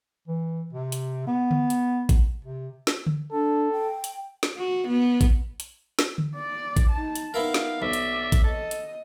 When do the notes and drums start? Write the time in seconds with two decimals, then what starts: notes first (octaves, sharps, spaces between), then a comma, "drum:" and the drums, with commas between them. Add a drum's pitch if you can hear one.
0.28 E3
0.73 C3
0.92 drum: hi-hat
1.27 B3
1.51 drum: tom
1.70 drum: hi-hat
2.09 drum: kick A1, hi-hat
2.45 C3
2.87 drum: snare
3.07 drum: tom
3.32 D4 A4
3.72 G5
4.04 drum: hi-hat
4.43 drum: snare
4.57 F#4
4.88 B3
5.21 drum: kick A1, hi-hat
5.60 drum: hi-hat
5.99 drum: snare
6.18 drum: tom
6.35 D5
6.77 drum: kick A1, hi-hat
6.91 D#4 A5
7.15 drum: hi-hat
7.34 B3 D#4 E4 A#4 F5
7.54 drum: snare
7.82 B1 D5 E5
7.93 drum: hi-hat
8.32 drum: kick A1, hi-hat
8.44 A4 D#5
8.71 drum: hi-hat